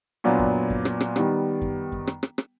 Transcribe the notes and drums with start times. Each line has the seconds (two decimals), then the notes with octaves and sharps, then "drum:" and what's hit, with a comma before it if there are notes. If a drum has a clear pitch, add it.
0.24 A#2 F#3 B3 D4 F4
0.39 drum: kick F#2
0.70 drum: kick F#2
0.85 drum: rim click
1.00 drum: rim click
1.16 D#3 G3 B3, drum: rim click
1.62 drum: kick F#2
1.92 drum: kick F#2
2.07 drum: rim click
2.23 drum: rim click
2.38 drum: rim click